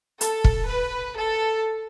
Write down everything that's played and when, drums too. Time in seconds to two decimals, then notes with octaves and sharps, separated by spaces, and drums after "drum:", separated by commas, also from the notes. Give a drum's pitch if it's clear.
0.21 A4, drum: hi-hat
0.44 drum: kick
0.68 B4
1.16 A4